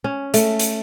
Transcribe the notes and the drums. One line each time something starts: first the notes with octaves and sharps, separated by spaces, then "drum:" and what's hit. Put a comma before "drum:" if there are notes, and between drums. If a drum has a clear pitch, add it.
C#4
A3, drum: hi-hat
drum: hi-hat